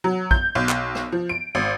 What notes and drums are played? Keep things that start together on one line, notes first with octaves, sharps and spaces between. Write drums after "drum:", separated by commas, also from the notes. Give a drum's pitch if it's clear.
F#3
G6, drum: kick
B1
drum: clap
drum: rim click
F3
D7
G#1